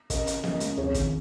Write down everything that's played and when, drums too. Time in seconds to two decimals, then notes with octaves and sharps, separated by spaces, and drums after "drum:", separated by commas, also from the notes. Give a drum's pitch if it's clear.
0.10 C#3 A#4 D#5, drum: kick, hi-hat
0.27 C#3, drum: hi-hat
0.44 C#3 A#4 D#5, drum: snare
0.60 C#2, drum: hi-hat
0.77 F2 G#4 C#5, drum: tom C#2
0.94 D#3, drum: kick, hi-hat